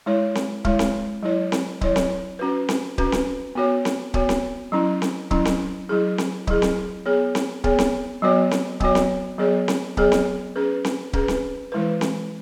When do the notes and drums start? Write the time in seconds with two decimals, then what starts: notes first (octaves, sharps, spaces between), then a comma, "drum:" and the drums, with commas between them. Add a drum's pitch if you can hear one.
0.06 G#3 E4 C#5
0.35 drum: snare C4
0.65 G#3 E4 C#5, drum: kick C#1
0.79 drum: snare C4
1.23 F#3 E4 C#5
1.52 drum: snare C4
1.81 F#3 E4 C#5, drum: kick C#1
1.96 drum: snare C4
2.39 C#4 F#4 B4
2.69 drum: snare C4
2.98 C#4 F#4 B4, drum: kick C#1
3.12 drum: snare C4
3.55 B3 F#4 C#5
3.85 drum: snare C4
4.14 B3 F#4 C#5, drum: kick C#1
4.29 drum: snare C4
4.72 F#3 C#4 E4
5.02 drum: snare C4
5.31 F#3 C#4 E4, drum: kick C#1
5.45 drum: snare C4
5.89 F#3 E4 G#4
6.18 drum: snare C4
6.47 F#3 E4 G#4, drum: kick C#1
6.62 drum: snare C4
7.06 B3 G#4 C#5
7.35 drum: snare C4
7.64 B3 G#4 C#5, drum: kick C#1
7.79 drum: snare C4
8.22 F#3 B3 F#4 C#5
8.51 drum: snare C4
8.80 F#3 B3 F#4 C#5, drum: kick C#1
8.95 drum: snare C4
9.38 F#3 B3 G#4 C#5
9.68 drum: snare C4
9.97 F#3 B3 G#4 C#5, drum: kick C#1
10.12 drum: snare C4
10.55 C#4 G#4 B4
10.84 drum: snare C4
11.13 C#4 G#4 B4, drum: kick C#1
11.28 drum: snare C4
11.72 E3 G#3 E4 B4
12.01 drum: snare C4